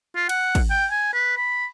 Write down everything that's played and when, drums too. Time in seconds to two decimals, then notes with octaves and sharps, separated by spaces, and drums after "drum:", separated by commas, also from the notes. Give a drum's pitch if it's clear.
0.16 F4
0.29 F#5, drum: cymbal
0.55 drum: kick, cymbal
0.70 G5
0.91 G#5
1.13 B4
1.37 B5